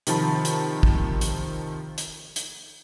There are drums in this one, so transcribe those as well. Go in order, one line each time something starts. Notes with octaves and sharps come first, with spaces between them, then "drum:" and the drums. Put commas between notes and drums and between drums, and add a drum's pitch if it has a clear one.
C3 D#3 F3 A5 B5, drum: hi-hat
drum: hi-hat
drum: kick
drum: hi-hat
drum: hi-hat
drum: hi-hat